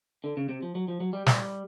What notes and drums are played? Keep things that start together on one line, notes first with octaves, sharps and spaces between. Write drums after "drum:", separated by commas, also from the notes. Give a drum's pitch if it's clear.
D3
C#3
C3
F3
F#3
F3
F#3
G3
G3, drum: snare